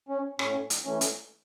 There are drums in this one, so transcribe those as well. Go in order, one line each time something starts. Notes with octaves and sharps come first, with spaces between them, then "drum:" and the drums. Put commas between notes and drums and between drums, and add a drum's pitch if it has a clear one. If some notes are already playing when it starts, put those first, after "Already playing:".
C#4
A2 C#4, drum: rim click
drum: hi-hat
E3 A3 C#4
drum: hi-hat